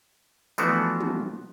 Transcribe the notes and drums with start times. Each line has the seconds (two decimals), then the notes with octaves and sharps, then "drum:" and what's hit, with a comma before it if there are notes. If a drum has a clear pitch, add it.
0.58 E3 F3 A3 B3 D4 F#4, drum: tambourine
1.00 drum: tom